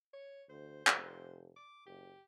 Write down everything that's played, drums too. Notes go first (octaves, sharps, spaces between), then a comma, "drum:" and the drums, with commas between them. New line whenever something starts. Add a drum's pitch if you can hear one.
C#5
D2 C5
F1, drum: clap
D6
F#1 G4